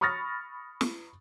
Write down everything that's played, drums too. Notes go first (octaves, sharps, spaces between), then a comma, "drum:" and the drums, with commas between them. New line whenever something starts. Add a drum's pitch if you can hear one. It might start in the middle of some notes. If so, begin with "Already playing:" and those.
B5 C#6 D#6 F6 A6 A#6
drum: snare